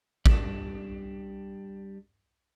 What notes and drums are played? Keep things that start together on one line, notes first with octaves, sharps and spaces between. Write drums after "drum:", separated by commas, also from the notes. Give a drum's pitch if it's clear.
G3 D4, drum: kick A1